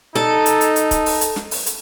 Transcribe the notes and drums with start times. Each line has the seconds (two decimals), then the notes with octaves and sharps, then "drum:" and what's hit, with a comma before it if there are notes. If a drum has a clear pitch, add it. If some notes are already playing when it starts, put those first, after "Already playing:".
0.16 D#4 A4, drum: snare
0.46 drum: hi-hat
0.61 drum: hi-hat
0.76 drum: hi-hat
0.91 drum: kick C#1, hi-hat
1.06 drum: open hi-hat
1.21 drum: hi-hat
1.36 drum: snare
1.51 drum: open hi-hat
1.66 drum: hi-hat